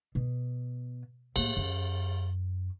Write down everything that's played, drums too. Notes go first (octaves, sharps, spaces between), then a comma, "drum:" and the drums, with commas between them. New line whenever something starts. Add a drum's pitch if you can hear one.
B2
A2 A#3, drum: cymbal
F#2